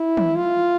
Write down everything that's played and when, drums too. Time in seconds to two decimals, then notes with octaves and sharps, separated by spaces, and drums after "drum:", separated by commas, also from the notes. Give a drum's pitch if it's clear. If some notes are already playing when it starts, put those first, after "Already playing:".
Already playing: E4
0.17 drum: tom
0.36 F4